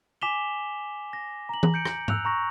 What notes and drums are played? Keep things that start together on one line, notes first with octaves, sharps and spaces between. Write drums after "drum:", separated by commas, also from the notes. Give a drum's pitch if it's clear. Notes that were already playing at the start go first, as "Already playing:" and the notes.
G#5 D6 B6 E7 F7 G7
A#6
A#5 F#7
drum: tom E3
G6 C#7 D7
drum: rim click
E6 F#6 F7, drum: tom G#2
A#5 C#6 A#6